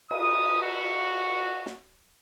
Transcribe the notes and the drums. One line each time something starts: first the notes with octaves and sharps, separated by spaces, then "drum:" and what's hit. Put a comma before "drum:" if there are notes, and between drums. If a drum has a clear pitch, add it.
D#6, drum: cymbal
F#4
drum: snare